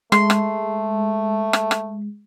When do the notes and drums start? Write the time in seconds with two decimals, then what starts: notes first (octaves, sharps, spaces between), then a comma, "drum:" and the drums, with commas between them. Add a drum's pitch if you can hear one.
0.12 G#3 A3 C6, drum: rim click
0.30 drum: rim click
1.53 drum: rim click
1.71 drum: rim click